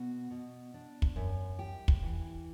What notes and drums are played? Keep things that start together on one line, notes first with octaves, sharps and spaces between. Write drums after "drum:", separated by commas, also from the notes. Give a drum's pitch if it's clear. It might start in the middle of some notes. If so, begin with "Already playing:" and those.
Already playing: B2 F#4
B2
D4
drum: kick
F#2
G4
drum: kick
E3